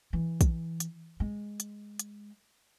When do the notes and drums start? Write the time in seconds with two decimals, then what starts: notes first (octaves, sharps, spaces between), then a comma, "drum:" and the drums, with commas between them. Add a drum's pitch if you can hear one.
0.13 E3
0.41 drum: kick, hi-hat
0.80 drum: hi-hat
1.20 G#3
1.60 drum: hi-hat
1.99 drum: hi-hat